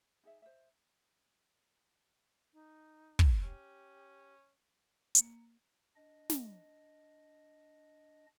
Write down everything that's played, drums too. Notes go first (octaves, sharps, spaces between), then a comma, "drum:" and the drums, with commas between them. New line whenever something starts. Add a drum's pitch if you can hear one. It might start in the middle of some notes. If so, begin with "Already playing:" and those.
D#4 G#4 D#5 E5
C5 D#5 E5
D#4
drum: kick
C#4 G4
A#3, drum: hi-hat
D4 D#5
drum: snare